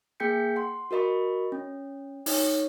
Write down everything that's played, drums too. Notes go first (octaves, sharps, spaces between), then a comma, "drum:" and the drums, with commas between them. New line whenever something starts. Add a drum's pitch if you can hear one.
A#3 G#4 G5 G6 B6 C#7
F#5 C6
F#4 A#4 D#5 B5 C#6
C#4
D#4 C#5, drum: open hi-hat